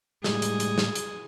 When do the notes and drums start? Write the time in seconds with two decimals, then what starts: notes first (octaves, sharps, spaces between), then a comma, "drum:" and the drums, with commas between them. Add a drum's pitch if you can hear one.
0.24 A2 G3 G#3 G#4, drum: snare
0.42 drum: hi-hat
0.60 drum: hi-hat
0.78 drum: snare
0.95 drum: hi-hat